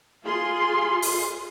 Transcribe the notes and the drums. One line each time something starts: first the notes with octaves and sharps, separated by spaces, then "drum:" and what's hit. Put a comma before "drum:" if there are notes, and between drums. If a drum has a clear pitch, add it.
F4 G#4 C6
drum: open hi-hat